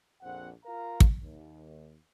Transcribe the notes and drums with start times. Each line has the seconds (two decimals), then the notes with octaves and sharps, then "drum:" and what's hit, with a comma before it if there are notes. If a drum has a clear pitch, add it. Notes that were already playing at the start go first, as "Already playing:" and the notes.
0.22 A#1 F2 C4 F#5
0.65 F4 A#4 F5 A#5
1.00 drum: kick
1.21 D#2